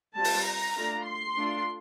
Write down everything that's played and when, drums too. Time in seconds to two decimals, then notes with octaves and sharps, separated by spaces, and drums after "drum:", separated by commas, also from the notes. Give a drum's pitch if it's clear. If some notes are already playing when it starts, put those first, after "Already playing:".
0.15 G3 C4 F4 A5
0.24 drum: open hi-hat
0.46 A#5
0.76 A3 D4 F4
1.07 C6
1.37 A3 D4 F4